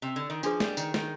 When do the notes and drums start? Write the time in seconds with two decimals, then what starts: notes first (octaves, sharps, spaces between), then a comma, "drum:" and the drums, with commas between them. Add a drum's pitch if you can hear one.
0.02 C3
0.16 D3
0.30 D#3
0.43 F3 D4 G#4 B4, drum: tambourine
0.60 G3, drum: snare
0.77 D#3, drum: tambourine
0.94 D#3, drum: snare